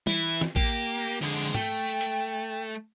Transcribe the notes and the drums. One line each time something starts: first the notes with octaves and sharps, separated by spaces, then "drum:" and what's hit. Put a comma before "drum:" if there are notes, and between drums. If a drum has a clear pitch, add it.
E3 E4, drum: tom G3
drum: snare
A#3 G4, drum: kick A1
F2 D3 G#3
A3 G5, drum: tom
drum: hi-hat